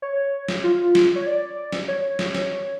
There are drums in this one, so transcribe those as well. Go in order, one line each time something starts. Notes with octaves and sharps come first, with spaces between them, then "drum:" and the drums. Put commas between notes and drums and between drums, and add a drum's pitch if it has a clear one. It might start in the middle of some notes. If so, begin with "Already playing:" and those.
C#5
drum: snare
F4
drum: snare
C#5
D5
drum: snare
C#5
drum: snare
drum: snare